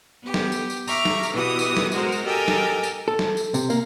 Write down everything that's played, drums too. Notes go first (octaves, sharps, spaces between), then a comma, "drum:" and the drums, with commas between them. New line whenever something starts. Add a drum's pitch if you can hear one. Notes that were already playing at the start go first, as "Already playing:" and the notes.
B3 G4
drum: snare
drum: tambourine
drum: tambourine
E5 A#5 C#6 D6 F6, drum: tambourine
drum: snare
drum: tambourine
B2 E3 F#4 G4 D#6
drum: tambourine
drum: snare
G#3 F#4 A#4 C5, drum: tambourine
drum: tambourine
G4 A4 A#4 D#5 G5 G#5
drum: snare
drum: tambourine
A4
drum: snare
drum: tambourine
C3, drum: tambourine
A#3, drum: tambourine